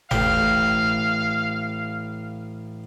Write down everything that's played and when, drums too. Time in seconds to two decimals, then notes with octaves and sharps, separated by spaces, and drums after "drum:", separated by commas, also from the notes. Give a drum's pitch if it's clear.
0.11 A1 A2 F5 G5, drum: tom G1